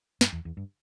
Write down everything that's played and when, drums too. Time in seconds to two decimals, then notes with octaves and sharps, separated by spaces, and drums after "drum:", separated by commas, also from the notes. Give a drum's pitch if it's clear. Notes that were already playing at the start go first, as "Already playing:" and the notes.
0.21 G2, drum: snare
0.33 E2
0.45 E2
0.57 G2